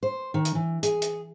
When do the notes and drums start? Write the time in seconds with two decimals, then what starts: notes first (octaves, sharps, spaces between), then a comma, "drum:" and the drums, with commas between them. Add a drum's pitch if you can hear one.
0.03 C5
0.34 D#3
0.45 drum: hi-hat
0.55 E3
0.83 G#4, drum: hi-hat
1.02 drum: hi-hat